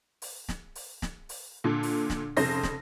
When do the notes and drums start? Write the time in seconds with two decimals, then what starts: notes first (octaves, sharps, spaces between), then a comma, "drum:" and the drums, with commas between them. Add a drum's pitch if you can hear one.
0.22 drum: open hi-hat
0.49 drum: snare
0.75 drum: open hi-hat
1.02 drum: snare
1.29 drum: open hi-hat
1.64 A#2 D3 A4
1.83 drum: open hi-hat
2.10 drum: snare
2.37 F1 F2 C#3 C5 C6 A#6, drum: open hi-hat
2.63 drum: snare